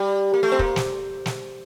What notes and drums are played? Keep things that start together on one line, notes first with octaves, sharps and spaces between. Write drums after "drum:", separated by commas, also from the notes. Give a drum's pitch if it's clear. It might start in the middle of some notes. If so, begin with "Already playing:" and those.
Already playing: G3
A#3
A3
C4
A#3, drum: kick
drum: snare
drum: snare